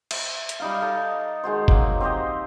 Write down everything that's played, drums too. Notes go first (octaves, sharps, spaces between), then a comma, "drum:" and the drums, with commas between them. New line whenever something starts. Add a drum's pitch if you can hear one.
E5, drum: cymbal
drum: hi-hat
G3 D#4 F5
D#4 A4
D#3 G#3 F#4 C5
F#3 A#3, drum: kick F#1
C4 G4 C5 D#5